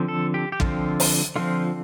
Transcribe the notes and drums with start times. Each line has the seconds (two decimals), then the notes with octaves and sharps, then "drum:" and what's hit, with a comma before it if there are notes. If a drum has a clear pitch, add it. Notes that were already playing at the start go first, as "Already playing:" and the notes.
Already playing: D3 F3 C4
0.08 A4
0.34 G4
0.52 G4
0.60 D3 F3 C4 F4, drum: kick
1.00 drum: open hi-hat
1.36 D3 F3 C4 F4